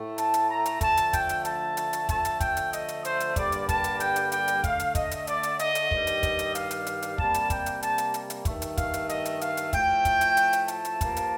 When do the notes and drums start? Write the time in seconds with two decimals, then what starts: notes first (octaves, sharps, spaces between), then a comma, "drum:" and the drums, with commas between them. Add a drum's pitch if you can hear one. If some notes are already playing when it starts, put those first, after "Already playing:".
Already playing: A2 A3
0.18 A5, drum: hi-hat
0.34 drum: hi-hat
0.50 A#5
0.66 drum: hi-hat
0.81 D3 F3 A3 A5, drum: kick, hi-hat
0.97 drum: hi-hat
1.13 G5, drum: kick, hi-hat
1.29 drum: hi-hat
1.45 A5, drum: hi-hat
1.77 drum: hi-hat
1.93 drum: hi-hat
2.09 D3 F3 A3 A5, drum: kick, hi-hat
2.25 drum: hi-hat
2.40 G5, drum: kick, hi-hat
2.57 drum: hi-hat
2.73 D#5, drum: hi-hat
2.88 drum: hi-hat
3.05 C5, drum: hi-hat
3.20 drum: hi-hat
3.36 G2 D3 G3 A#3 D5, drum: kick, hi-hat
3.52 drum: hi-hat
3.69 A5, drum: kick, hi-hat
3.84 drum: hi-hat
4.00 G5, drum: hi-hat
4.16 drum: hi-hat
4.32 G5, drum: hi-hat
4.48 drum: hi-hat
4.64 D3 A3 F5, drum: kick, hi-hat
4.80 drum: hi-hat
4.95 D#5, drum: kick, hi-hat
5.11 drum: hi-hat
5.27 D5, drum: hi-hat
5.43 drum: hi-hat
5.59 D#5, drum: hi-hat
5.75 drum: hi-hat
5.91 G2 D#3 G3, drum: kick
6.07 drum: hi-hat
6.23 drum: kick, hi-hat
6.39 drum: hi-hat
6.55 F5, drum: hi-hat
6.71 drum: hi-hat
6.87 drum: hi-hat
7.02 drum: hi-hat
7.18 C3 G3 A#3 A5, drum: kick
7.34 drum: hi-hat
7.50 G5, drum: kick, hi-hat
7.66 drum: hi-hat
7.83 A5, drum: hi-hat
7.98 drum: hi-hat
8.14 drum: hi-hat
8.30 drum: hi-hat
8.45 G2 D#3 A3, drum: kick, hi-hat
8.62 drum: hi-hat
8.77 F5, drum: kick, hi-hat
8.94 drum: hi-hat
9.09 D#5, drum: hi-hat
9.25 drum: hi-hat
9.41 F5, drum: hi-hat
9.57 drum: hi-hat
9.73 A2 F3 A3 G5, drum: kick, hi-hat
10.05 drum: kick, hi-hat
10.21 drum: hi-hat
10.37 drum: hi-hat
10.53 drum: hi-hat
10.68 A5, drum: hi-hat
10.85 drum: hi-hat
11.01 G2 F3 A#3, drum: kick, hi-hat
11.16 drum: hi-hat